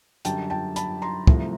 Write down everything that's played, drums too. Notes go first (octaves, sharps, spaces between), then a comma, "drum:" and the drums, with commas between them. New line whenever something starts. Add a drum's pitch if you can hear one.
F#2 D3 G3 G5 A5, drum: hi-hat
G5 A5
A5 B5, drum: hi-hat
A#5 C6
C2 C3 F3 A3, drum: kick